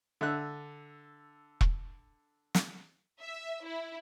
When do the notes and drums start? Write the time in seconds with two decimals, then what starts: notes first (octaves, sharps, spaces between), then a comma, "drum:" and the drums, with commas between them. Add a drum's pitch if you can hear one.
0.21 D3 E5 F#6
1.61 drum: kick E1
2.55 drum: snare
3.21 E5
3.64 E4